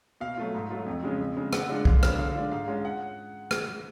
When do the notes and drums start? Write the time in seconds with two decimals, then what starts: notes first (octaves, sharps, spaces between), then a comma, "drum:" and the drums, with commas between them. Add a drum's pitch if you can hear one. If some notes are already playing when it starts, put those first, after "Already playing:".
0.21 B2 F5
0.37 F#3 A3 F4
0.54 G#2
0.70 F#3 A3 F4
0.86 F2
1.04 C#3 G#3 C#4 F4
1.20 F2
1.37 C#3 G#3
1.53 C#3 F#5, drum: rim click
1.69 G#3 D4 F4
1.85 D3 F5, drum: kick B1
2.03 F#3 B3 D4, drum: rim click
2.19 D3 F5
2.35 G#3 D4 F4
2.51 G#2 F5
2.68 G#3 C#4 F4
2.85 F#5
3.51 drum: rim click